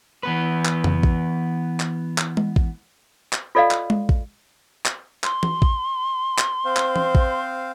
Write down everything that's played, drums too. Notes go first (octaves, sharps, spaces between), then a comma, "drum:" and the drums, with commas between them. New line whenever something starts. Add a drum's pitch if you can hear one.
E3 B3 B4
drum: clap
drum: tom F2
drum: kick A1
drum: clap
drum: clap
drum: tom G#3
drum: kick A1
drum: clap
F4 A4 D5 D#5 F5
drum: clap
drum: tom G#3
drum: kick A1
drum: clap
C6, drum: clap
drum: tom E3
drum: kick A1
drum: clap
C4 C5 F5
drum: clap
drum: tom E3
drum: kick A1